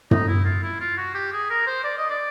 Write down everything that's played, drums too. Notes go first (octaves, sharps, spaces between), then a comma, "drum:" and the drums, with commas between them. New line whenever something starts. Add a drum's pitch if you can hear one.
D#4, drum: tom
E4
F4
E4
F4
F#4
G4
G#4
A#4
C5
D5
D#5
D5